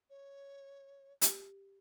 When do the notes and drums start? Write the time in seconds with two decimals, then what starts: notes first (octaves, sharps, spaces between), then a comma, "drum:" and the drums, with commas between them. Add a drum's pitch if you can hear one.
0.10 C#5
1.22 G4, drum: hi-hat